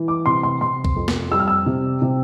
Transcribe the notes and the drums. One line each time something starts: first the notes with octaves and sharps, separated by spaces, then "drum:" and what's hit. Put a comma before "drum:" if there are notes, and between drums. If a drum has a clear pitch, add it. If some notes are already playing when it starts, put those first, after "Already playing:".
Already playing: E3
D6
C3 C6
C6
C3 C6
drum: kick
F2
drum: snare
G3 E6
F6
E6
C3
C3